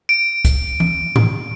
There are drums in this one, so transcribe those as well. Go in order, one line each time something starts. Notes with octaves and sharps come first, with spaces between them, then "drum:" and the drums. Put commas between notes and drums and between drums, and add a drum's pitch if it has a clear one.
D7
drum: kick, hi-hat
drum: tom E3
drum: tom G#2